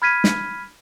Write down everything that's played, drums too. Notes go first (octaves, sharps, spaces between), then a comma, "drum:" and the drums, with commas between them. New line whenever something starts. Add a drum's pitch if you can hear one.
B5 F6 G#6 B6 D#7
drum: snare